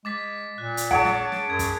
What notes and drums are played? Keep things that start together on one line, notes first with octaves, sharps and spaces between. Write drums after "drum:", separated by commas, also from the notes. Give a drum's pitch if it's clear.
G#3 D6 A6 B6
A#2 F#6
drum: hi-hat
G#4 C#5 F#5 A5 D7, drum: kick
drum: snare
drum: snare
F#2 G#6
drum: kick, hi-hat